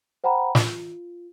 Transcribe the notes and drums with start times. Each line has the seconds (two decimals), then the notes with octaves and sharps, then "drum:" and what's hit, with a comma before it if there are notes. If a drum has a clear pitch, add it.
0.24 C5 F#5 G5 A#5 B5
0.55 F4, drum: snare